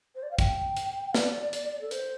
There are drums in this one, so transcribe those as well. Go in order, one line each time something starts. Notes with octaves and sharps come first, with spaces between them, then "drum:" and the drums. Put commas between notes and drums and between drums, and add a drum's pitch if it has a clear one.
C5
D5
F5
G5, drum: kick, hi-hat
drum: hi-hat
D5, drum: snare
drum: hi-hat
A4
C5, drum: hi-hat